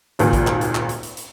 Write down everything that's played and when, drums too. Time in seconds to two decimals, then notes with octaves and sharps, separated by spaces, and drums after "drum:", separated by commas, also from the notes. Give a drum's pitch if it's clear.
0.19 D#1 G#1 C#2 A#2, drum: hi-hat
0.33 drum: kick A1, hi-hat
0.47 drum: clap
0.61 drum: hi-hat
0.75 drum: clap
0.89 drum: hi-hat
1.03 drum: hi-hat
1.17 drum: hi-hat